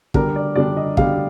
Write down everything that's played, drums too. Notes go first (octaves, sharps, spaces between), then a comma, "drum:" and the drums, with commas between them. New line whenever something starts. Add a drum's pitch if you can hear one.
D3 G3 D4 A#4, drum: kick
D5
D3 G3 D4 D5
D#5
D3 G3 D4 F5, drum: kick